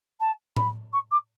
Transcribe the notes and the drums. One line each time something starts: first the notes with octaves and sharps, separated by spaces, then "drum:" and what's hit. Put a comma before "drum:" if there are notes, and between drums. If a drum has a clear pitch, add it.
A5
B5, drum: tom A2
C#6
D6